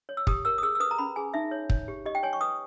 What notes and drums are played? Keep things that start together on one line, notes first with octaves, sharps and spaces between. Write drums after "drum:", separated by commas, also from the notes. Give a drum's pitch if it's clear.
C#5
E6
G4 D#6, drum: kick
A#4 E6
D#6
G#4 E6
E6
B4 D#6
A#5
C#4 B5
G#4 G#5
D#4 E5
C#5
C#5, drum: kick
G4
G4 D#5
G5
C#5 G#5
C#6
B4 D#6